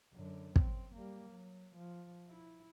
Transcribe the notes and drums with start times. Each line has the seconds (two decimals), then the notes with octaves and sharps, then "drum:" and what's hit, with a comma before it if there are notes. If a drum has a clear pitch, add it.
0.13 F#2 D3
0.56 C4, drum: kick
0.94 G3 A#3
1.29 F#3
1.76 F3
2.29 E4